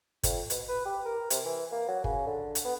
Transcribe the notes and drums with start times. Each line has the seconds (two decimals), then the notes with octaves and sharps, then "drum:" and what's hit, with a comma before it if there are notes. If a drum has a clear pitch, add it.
0.23 F2, drum: kick, hi-hat
0.50 B2, drum: hi-hat
0.68 B4
0.85 G4
1.05 A#4
1.30 C3, drum: hi-hat
1.44 E3
1.71 A#3
1.88 F#3
2.04 C#3, drum: kick
2.26 D3
2.55 drum: hi-hat
2.65 B3